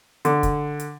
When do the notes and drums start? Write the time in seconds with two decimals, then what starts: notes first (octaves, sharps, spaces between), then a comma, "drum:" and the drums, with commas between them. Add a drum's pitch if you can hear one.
0.25 D3, drum: hi-hat
0.43 drum: kick, hi-hat
0.80 drum: hi-hat